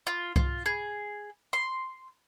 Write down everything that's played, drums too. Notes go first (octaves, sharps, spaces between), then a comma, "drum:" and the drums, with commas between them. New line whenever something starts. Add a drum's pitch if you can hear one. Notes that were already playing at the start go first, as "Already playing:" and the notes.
F4
F4, drum: kick C2
G#4
C6